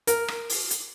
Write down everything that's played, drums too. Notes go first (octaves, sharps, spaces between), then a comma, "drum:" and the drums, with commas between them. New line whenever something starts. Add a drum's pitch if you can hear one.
A#4, drum: hi-hat
drum: rim click
drum: open hi-hat
drum: hi-hat